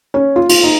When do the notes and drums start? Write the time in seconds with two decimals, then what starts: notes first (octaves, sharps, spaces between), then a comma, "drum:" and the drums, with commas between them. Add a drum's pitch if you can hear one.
0.14 C#4
0.36 F4
0.49 F4, drum: cymbal
0.63 D#4